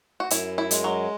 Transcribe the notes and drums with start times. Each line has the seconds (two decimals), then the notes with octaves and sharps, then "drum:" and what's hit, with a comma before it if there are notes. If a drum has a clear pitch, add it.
0.20 F#4
0.30 F#2 E4, drum: hi-hat
0.58 E4
0.71 G#3, drum: hi-hat
0.84 F#3